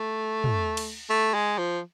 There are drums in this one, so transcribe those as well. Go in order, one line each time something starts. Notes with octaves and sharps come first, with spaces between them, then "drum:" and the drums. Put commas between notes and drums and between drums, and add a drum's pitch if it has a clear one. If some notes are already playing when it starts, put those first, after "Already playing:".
Already playing: A3
drum: tom
drum: cymbal
A3
G#3
F3